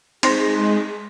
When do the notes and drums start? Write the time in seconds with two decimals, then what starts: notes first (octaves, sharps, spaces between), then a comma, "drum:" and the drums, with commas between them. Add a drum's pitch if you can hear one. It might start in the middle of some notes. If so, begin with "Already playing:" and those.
0.23 G#3 C4 D#4 G#4 C5 C6 A#6, drum: cymbal